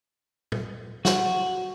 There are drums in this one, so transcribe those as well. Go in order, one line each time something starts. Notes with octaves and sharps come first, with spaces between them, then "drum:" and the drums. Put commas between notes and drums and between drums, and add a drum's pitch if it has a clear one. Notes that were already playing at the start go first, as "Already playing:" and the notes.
drum: tom
F#4, drum: snare